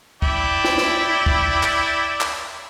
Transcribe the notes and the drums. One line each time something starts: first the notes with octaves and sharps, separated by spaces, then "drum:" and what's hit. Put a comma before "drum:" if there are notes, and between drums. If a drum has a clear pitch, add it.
E4 D5 G5, drum: kick
drum: snare
drum: snare
drum: kick
drum: clap
drum: clap